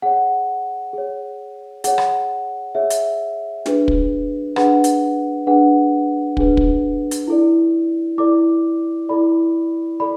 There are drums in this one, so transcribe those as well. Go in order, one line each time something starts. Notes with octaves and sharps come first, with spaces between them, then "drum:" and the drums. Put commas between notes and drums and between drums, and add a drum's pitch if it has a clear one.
G#4 C#5 F#5
G#4 C#5
G#4 C#5 F#5, drum: hi-hat
drum: rim click
G#4 C#5 E5
drum: hi-hat
D4 G#4 B4, drum: snare
drum: kick
D4 G#4 B4 F#5, drum: rim click
drum: hi-hat
D4 G#4 B4 F#5
D4 G#4 B4, drum: kick
drum: kick
drum: hi-hat
E4 A4 D5
E4 A4 D5 D6
E4 A4 D5 B5
A4 D5 B5